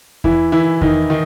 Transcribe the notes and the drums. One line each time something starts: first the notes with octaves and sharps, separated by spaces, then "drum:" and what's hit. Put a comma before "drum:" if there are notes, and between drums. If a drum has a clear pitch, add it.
E3 E4, drum: kick E2
E3 E4
D#3 D#4, drum: kick E2
D#3 D#4